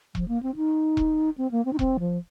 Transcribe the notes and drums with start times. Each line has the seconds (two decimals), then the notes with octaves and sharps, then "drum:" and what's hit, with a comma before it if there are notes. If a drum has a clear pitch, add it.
0.15 F3, drum: kick E1
0.28 A#3
0.43 C4
0.56 D#4
0.97 drum: kick E1
1.38 C4
1.51 A#3
1.65 C4
1.73 D#4
1.79 C4, drum: kick E1
2.00 F3